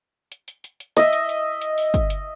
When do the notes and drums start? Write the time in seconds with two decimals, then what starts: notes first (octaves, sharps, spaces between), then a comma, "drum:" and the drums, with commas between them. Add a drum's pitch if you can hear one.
0.32 drum: hi-hat
0.48 drum: hi-hat
0.64 drum: hi-hat
0.80 drum: hi-hat
0.97 D#5 E5, drum: snare
1.13 drum: hi-hat
1.29 drum: hi-hat
1.61 drum: hi-hat
1.78 drum: open hi-hat
1.94 drum: kick, hi-hat
2.10 drum: hi-hat